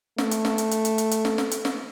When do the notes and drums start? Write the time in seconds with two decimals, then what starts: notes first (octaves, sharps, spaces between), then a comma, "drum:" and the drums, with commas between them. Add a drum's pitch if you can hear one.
0.18 A3, drum: snare
0.31 drum: hi-hat
0.45 drum: snare
0.58 drum: hi-hat
0.71 drum: hi-hat
0.85 drum: hi-hat
0.98 drum: hi-hat
1.11 drum: hi-hat
1.25 drum: snare
1.38 drum: snare
1.51 drum: hi-hat
1.65 drum: snare